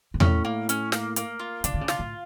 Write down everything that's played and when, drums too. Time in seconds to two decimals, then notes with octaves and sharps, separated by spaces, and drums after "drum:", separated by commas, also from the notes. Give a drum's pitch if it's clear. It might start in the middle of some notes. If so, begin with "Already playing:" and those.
0.14 G#2
0.20 A2 C#4, drum: tom E2
0.45 A#3
0.69 C#4, drum: hi-hat
0.92 A#3, drum: snare
1.16 A#3, drum: hi-hat
1.39 F4
1.64 C#3 D4, drum: hi-hat
1.74 D3
1.81 C#3
1.88 F4, drum: snare
1.99 A2